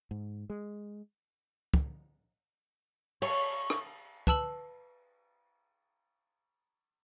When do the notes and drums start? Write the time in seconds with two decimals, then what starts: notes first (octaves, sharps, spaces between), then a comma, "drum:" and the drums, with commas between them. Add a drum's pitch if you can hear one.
0.11 G#2
0.50 G#3
1.74 drum: kick
3.22 C#5 C#6, drum: cymbal
3.70 drum: rim click
4.27 B4 A5 E6 F#7, drum: kick